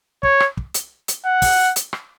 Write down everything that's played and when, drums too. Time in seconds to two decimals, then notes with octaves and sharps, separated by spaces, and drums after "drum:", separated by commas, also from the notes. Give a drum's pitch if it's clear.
0.23 C#5, drum: kick
0.40 drum: rim click
0.57 drum: kick
0.74 drum: hi-hat
1.08 drum: hi-hat
1.26 F#5
1.42 drum: kick, open hi-hat
1.76 drum: hi-hat
1.93 drum: rim click